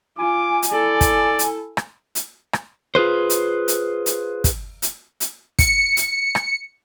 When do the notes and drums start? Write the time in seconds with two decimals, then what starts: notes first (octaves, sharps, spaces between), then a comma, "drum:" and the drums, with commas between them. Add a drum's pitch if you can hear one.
0.18 F4 G#5 D6
0.63 drum: hi-hat
0.72 E4 A4 D5
1.01 drum: kick, hi-hat
1.39 drum: hi-hat
1.77 drum: rim click
2.15 drum: hi-hat
2.53 drum: rim click
2.95 F4 G#4 B4 C5
3.30 drum: hi-hat
3.68 drum: hi-hat
4.06 drum: hi-hat
4.44 drum: kick, hi-hat
4.82 drum: hi-hat
5.20 drum: hi-hat
5.59 C#7, drum: kick, hi-hat
5.97 drum: hi-hat
6.35 drum: rim click